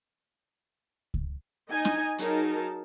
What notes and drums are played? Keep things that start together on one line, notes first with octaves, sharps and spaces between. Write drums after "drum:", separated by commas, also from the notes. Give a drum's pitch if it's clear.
drum: kick C#2
D#4 D#5 G#5
drum: snare
F#3 D#4 G#4 A#4 A5, drum: hi-hat